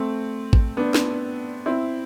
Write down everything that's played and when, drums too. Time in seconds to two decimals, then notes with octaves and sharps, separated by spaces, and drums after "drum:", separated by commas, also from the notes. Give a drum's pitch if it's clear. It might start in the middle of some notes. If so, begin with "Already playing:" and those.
Already playing: A3 C4
0.53 drum: kick
0.77 B3 D4
0.94 drum: snare
1.66 C4 E4